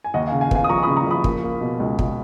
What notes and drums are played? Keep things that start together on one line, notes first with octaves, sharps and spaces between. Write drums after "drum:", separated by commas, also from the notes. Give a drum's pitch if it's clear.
G#5
D#2 D#5 F#5
F5 G#5
C#3
F5 G#5
B3 F5 G#5, drum: kick
D#6
F3 A#5 C#6
B5 D#6
C#3
A#5 C#6
F3 B5 D#6
A#3, drum: kick
A#3
B2
C#2
C#2, drum: kick